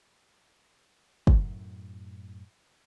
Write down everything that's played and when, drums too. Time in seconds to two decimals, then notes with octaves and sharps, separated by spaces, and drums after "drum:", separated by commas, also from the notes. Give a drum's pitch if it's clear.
1.27 F#2 A2 F#3, drum: kick